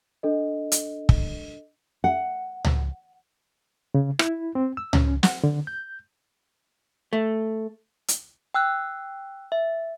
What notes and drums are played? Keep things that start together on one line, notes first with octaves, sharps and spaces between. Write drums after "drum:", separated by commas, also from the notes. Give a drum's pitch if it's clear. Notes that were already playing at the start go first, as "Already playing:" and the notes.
D4 A4 D#5
drum: hi-hat
drum: kick
F#5
drum: tom C#2
C#3
E4, drum: rim click
C4
E6
C#4, drum: tom C#2
F#5, drum: snare
D3
G6
A3
drum: hi-hat
G5 E6 F#6
E5